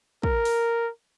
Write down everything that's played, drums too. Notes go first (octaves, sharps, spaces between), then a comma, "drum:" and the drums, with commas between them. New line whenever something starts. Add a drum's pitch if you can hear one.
A#4, drum: kick
drum: open hi-hat